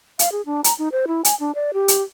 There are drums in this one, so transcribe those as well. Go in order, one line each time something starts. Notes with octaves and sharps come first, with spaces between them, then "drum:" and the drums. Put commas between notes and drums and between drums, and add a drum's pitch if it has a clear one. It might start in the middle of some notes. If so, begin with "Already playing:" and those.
F5, drum: hi-hat
G#4
D4
A#5, drum: hi-hat
D#4
C5
E4
G#5, drum: hi-hat
D4
D5
G4
drum: hi-hat